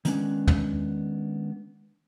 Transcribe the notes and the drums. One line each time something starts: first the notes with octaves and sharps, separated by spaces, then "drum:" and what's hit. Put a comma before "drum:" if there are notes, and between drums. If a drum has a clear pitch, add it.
D#3 G#3 A#3 B3 C#4 D4, drum: hi-hat
drum: tom